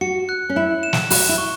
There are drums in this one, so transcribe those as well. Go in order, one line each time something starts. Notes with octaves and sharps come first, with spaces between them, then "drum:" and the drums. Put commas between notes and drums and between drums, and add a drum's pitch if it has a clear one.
F#4 C#7
F#6
C#4
E4 F#6
E7
drum: snare
F#4 F#6, drum: open hi-hat
E4
C#6